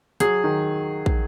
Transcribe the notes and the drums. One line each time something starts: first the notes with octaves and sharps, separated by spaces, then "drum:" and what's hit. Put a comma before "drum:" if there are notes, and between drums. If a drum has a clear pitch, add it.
F#3 G#4, drum: hi-hat
D#3
drum: kick